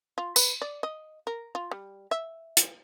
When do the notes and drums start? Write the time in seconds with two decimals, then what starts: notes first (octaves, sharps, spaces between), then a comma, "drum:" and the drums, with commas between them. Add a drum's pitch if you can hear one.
0.18 F4
0.36 B4, drum: tambourine
0.62 D5
0.83 D#5
1.27 A#4
1.55 F4
1.71 G3
2.11 E5
2.57 drum: hi-hat